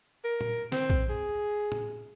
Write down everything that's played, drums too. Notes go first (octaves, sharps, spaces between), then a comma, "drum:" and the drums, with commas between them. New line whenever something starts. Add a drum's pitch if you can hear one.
A#4
drum: tom A#2
C4, drum: snare
drum: kick
G#4
drum: tom